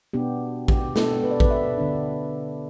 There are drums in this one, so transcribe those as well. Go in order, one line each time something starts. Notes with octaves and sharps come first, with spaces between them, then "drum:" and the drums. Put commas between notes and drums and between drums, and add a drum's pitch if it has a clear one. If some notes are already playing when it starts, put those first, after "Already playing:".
B2 B3 D4 G4
G4, drum: kick A1
B2 B3 D4 A4, drum: snare
B4
D5
B4, drum: kick A1
E5
D3 B3 D4